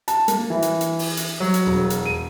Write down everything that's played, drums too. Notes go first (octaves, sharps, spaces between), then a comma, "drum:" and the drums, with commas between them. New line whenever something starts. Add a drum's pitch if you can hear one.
A5, drum: hi-hat
A#3, drum: hi-hat
E3
drum: hi-hat
drum: hi-hat
drum: open hi-hat
drum: hi-hat
F#3
drum: hi-hat
E1
drum: hi-hat
D#7